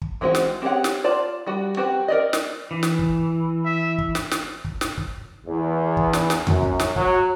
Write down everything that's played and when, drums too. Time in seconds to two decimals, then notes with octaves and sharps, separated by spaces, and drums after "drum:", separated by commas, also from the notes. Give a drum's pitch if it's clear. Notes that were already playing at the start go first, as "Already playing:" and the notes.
0.02 drum: kick
0.21 E3 G#3 C4 F4 F#4
0.35 drum: snare
0.62 C4 G4 G#4 C#5 F#5
0.84 drum: snare
1.04 F4 D5 A5
1.46 G3 F#4
1.77 C4 F#4 G4 B4
2.08 A#4 D5 D#5
2.33 drum: snare
2.71 E3
2.83 drum: snare
2.99 drum: kick
3.66 E5
3.98 drum: kick
4.15 drum: snare
4.31 drum: snare
4.65 drum: kick
4.81 drum: snare
4.98 drum: kick
5.46 E2
5.97 drum: kick
6.13 drum: snare
6.30 drum: snare
6.47 F#2, drum: tom E2
6.63 drum: kick
6.80 drum: snare
6.96 F#3, drum: kick